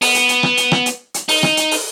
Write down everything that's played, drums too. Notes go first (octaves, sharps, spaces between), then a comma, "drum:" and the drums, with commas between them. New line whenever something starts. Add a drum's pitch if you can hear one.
B3, drum: open hi-hat
drum: hi-hat
drum: hi-hat
drum: rim click
drum: hi-hat
drum: rim click
drum: hi-hat
drum: hi-hat
D#4, drum: open hi-hat
drum: rim click
drum: hi-hat
drum: open hi-hat